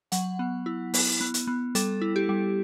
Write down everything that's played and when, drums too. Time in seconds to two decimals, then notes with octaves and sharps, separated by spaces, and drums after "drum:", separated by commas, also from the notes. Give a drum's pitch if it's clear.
0.12 F#3 F#5, drum: hi-hat
0.39 B3
0.66 E4
0.94 B3, drum: open hi-hat
1.21 B3
1.34 drum: hi-hat
1.47 B3
1.75 G3 A4, drum: hi-hat
2.01 E4
2.16 G4
2.29 G3